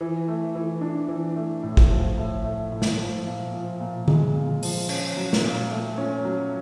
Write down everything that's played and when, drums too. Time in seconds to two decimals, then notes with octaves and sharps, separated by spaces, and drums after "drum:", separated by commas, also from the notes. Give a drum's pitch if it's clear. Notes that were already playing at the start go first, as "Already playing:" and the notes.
0.01 E3
0.28 A3
0.55 E3
0.81 D4
1.08 E3
1.36 A3
1.63 A2
1.77 drum: kick
1.91 F3
2.18 A2
2.45 A3
2.72 A2
2.82 drum: snare
3.00 F3
3.27 A#2
3.54 F3
3.80 A#2
4.08 G#3, drum: tom D3
4.35 A#2
4.63 F3, drum: open hi-hat
4.89 C#4, drum: cymbal
5.17 F#3
5.33 drum: snare
5.43 A#2
5.70 A3
5.98 C#4
6.25 F#3